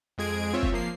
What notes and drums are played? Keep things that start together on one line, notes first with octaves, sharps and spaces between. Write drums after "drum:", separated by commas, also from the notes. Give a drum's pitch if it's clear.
F2 G#3 G#4 G#6 D7
C4 F4 C#5 E5
drum: kick
F3 A#3 C7